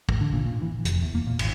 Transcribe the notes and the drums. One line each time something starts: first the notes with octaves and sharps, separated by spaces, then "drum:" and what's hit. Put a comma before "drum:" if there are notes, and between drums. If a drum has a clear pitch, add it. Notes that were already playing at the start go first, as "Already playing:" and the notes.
A1, drum: kick
D3
A#2
A#2
E3
F1, drum: hi-hat
E2
A#3
A#2
G#1, drum: cymbal